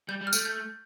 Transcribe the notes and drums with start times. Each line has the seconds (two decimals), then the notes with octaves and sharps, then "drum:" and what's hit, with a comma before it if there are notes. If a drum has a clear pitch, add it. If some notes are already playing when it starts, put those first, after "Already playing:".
0.09 G3 G6
0.21 G3
0.27 F6
0.33 A3 G6, drum: tambourine
0.45 G6